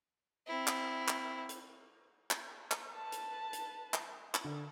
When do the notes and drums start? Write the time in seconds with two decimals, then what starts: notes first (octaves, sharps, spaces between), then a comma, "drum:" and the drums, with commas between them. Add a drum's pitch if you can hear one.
0.47 C4 E4
0.67 drum: clap
1.08 drum: clap
1.49 drum: hi-hat
2.31 drum: clap
2.71 drum: clap
2.95 B4 A5
3.12 drum: hi-hat
3.53 drum: hi-hat
3.94 drum: clap
4.34 drum: clap
4.44 D3